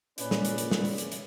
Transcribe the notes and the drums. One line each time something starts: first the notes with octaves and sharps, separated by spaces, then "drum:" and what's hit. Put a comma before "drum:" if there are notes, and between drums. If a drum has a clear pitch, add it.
A#2 C#4 B4 D5, drum: hi-hat
drum: snare
drum: hi-hat
drum: hi-hat
drum: snare
drum: open hi-hat
drum: hi-hat
drum: hi-hat